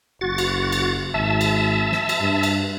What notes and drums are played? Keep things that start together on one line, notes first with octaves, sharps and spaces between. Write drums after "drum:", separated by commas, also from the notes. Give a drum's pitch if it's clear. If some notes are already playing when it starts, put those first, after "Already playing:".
F#1 F#4 A6
drum: cymbal
drum: cymbal
G#1 E5 A5
drum: cymbal
drum: snare
drum: cymbal
G2
drum: cymbal